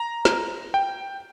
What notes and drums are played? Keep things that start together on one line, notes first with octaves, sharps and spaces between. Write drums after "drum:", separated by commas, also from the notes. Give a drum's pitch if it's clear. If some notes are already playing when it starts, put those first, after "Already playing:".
Already playing: A#5
drum: snare
G5